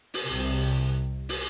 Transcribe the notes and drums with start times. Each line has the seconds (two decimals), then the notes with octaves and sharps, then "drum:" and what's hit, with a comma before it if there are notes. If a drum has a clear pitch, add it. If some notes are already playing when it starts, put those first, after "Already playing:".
0.14 drum: open hi-hat
0.24 C3
0.29 C2
1.29 drum: open hi-hat